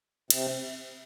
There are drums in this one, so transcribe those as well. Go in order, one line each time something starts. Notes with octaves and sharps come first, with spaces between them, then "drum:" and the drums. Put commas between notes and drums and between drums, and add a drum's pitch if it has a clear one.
C3, drum: cymbal